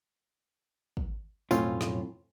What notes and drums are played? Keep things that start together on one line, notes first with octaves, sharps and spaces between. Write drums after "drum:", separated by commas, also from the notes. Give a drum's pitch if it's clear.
drum: kick
B1 F2 A2 C4 C#4 F4, drum: tambourine
drum: snare